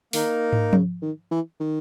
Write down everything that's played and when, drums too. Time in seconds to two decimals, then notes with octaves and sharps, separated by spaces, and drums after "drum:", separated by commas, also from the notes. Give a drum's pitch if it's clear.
0.13 D#3 A#3 D#4 A#4, drum: open hi-hat
0.53 drum: tom
0.73 C#3, drum: tom F3
1.02 D#3
1.31 E3
1.60 D#3